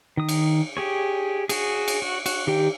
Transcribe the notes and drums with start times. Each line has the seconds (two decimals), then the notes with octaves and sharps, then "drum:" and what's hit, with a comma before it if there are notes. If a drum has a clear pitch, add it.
0.17 D#3 D#6
0.29 drum: cymbal
0.77 G4 G#4 C#5
1.49 F#4 G#4, drum: cymbal
1.88 drum: cymbal
2.02 F#4
2.26 F#4, drum: cymbal
2.47 D#3 G4 G5